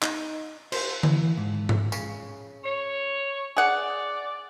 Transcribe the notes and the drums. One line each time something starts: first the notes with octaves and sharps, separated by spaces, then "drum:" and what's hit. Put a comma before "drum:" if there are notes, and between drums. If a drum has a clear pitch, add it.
D#4, drum: clap
C5, drum: cymbal
E3, drum: tom D3
G#2
drum: tom G#2
C#3, drum: tambourine
C#5
G#4 D5 F#5